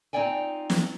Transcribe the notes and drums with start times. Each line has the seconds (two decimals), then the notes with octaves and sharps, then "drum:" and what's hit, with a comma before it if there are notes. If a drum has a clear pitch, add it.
0.13 C4 D#4 F4 D5 G5 G#5
0.70 drum: snare